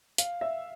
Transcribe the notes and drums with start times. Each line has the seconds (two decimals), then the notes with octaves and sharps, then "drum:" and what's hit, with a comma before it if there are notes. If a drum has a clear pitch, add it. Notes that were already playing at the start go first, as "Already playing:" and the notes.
0.18 F5, drum: hi-hat
0.41 E5